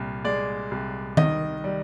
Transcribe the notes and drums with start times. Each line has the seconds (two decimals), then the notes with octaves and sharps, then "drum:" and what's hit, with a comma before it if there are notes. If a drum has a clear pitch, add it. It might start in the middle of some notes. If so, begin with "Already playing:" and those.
Already playing: C2 A#2
0.24 G#3 D5
0.71 C2
1.17 D#3 D#5, drum: tom D#3
1.64 G3